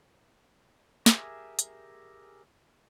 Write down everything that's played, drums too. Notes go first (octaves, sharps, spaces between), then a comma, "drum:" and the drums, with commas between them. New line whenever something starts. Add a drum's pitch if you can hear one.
G4 G#4 A#4 E5 G#5, drum: snare
drum: hi-hat